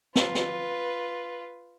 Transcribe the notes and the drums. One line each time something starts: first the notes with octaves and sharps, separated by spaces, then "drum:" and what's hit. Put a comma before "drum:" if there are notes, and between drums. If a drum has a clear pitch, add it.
F4 B4, drum: snare
drum: snare